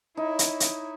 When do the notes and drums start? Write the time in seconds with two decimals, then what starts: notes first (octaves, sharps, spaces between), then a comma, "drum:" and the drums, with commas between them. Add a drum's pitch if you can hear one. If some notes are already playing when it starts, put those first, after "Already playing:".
0.17 D#4 E4 C#5
0.39 drum: hi-hat
0.60 drum: hi-hat